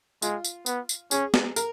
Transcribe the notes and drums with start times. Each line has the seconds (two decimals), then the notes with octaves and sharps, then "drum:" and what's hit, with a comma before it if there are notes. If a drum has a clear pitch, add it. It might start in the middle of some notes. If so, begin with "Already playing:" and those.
0.22 G#3 F4, drum: tambourine
0.45 drum: tambourine
0.66 B3, drum: tambourine
0.89 drum: tambourine
1.11 C#4 G#4, drum: tambourine
1.34 drum: snare
1.56 A#4, drum: tambourine